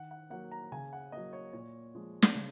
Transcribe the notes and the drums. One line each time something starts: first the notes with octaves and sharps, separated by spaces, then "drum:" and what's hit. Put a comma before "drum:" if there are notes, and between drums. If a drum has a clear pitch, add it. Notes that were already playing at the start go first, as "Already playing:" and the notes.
Already playing: D#3 F#5
F#5
F#3 A#3 F#5
A#5
C#3 G#5
F#5
F#3 A#3 D#5
C#5
A#2 C#5
F3 G#3
drum: snare
C#3